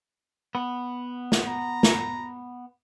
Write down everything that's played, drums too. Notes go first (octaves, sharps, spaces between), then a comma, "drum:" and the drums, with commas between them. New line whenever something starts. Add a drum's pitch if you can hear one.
B3
drum: snare
A#5
drum: snare